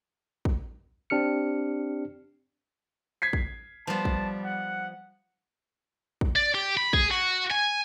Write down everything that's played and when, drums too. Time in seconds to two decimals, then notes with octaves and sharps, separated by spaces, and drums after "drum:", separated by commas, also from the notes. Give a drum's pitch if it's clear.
0.45 drum: kick
1.10 C4 D4 G4 F6 C#7
3.22 G#6 B6 C7
3.33 drum: kick
3.87 F3 G3 B3 A5
4.05 drum: kick
4.44 F#5
6.21 drum: kick
6.36 D5
6.54 G4
6.77 B5
6.93 G#4, drum: kick
7.11 F#4
7.50 G#5